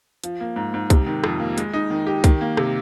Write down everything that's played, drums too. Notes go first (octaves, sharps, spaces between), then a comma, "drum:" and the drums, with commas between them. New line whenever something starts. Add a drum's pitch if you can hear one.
F3, drum: hi-hat
A#3
G#2
G#2
C3, drum: kick C2, hi-hat
D#3
F2, drum: rim click
A#3
G#3, drum: hi-hat
D#4
D#3
G4
D#3, drum: kick C2, hi-hat
A#3
C3, drum: rim click